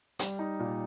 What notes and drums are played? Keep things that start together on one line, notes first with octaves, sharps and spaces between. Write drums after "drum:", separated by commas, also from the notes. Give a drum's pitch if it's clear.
G3, drum: hi-hat
D#4
A#2